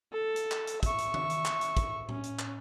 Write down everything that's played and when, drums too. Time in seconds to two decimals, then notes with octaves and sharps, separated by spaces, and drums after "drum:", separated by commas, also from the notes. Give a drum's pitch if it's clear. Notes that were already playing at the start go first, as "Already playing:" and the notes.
0.13 A4
0.36 drum: hi-hat
0.51 drum: clap
0.67 drum: hi-hat
0.83 E5 C#6, drum: kick, hi-hat
0.98 drum: hi-hat
1.14 drum: tom D#3
1.30 drum: hi-hat
1.45 drum: clap
1.61 drum: hi-hat
1.77 drum: kick, hi-hat
2.09 C#4, drum: tom A2
2.23 drum: hi-hat
2.39 drum: clap